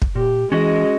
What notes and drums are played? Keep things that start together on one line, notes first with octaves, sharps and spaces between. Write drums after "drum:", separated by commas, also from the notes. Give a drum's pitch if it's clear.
drum: kick
A#2 G4
E3 G#3 C#4 F#4 D#5